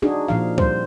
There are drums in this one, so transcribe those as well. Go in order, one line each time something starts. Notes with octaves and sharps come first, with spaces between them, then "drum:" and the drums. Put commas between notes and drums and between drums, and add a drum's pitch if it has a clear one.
D4 D#4 F#4 G#4
A#2 F3 F5
G3 C5, drum: kick